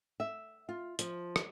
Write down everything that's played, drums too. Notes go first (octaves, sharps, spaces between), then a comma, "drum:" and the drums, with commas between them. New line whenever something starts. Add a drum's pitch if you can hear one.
E5
F4
F3, drum: hi-hat
drum: rim click